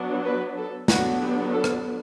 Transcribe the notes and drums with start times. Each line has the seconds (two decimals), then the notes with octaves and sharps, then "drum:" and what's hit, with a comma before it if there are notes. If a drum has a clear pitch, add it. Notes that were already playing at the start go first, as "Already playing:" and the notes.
Already playing: F#3 B3 D4
0.25 B4
0.57 A4
0.88 D3 F#3 B3 D4 F#4, drum: snare
1.20 G4
1.52 A4
1.64 drum: rim click